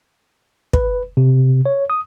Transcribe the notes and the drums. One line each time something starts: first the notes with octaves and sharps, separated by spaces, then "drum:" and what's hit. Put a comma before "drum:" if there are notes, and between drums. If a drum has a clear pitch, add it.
B4, drum: kick
C3
C#5
D#6